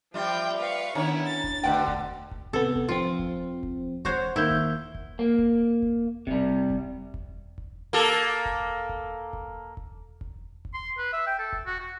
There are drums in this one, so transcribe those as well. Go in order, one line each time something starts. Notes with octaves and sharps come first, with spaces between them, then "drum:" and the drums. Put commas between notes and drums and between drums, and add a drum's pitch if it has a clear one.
F3 G3 F4 E5 G5
B4 F5 C#6
D#3 B3 C#4 D4 E4 C#5
A6
drum: kick E1
D2 B2 D3 B4 F#5 G5
drum: kick E1
drum: kick E1
C3 B3 A4
drum: kick E1
F3 C4 F4
drum: kick E1
drum: kick E1
F#4 C5 C#5, drum: kick E1
D#3 A#3 E4 G6
drum: kick E1
drum: kick E1
A#3
drum: kick E1
drum: kick E1
C3 G3, drum: kick E1
drum: kick E1
drum: kick E1
drum: kick E1
A#3 A4
drum: kick E1
drum: kick E1
drum: kick E1
drum: kick E1
drum: kick E1
drum: kick E1
C6
B4
E5
G5
A4
drum: kick E1
F#4
F#4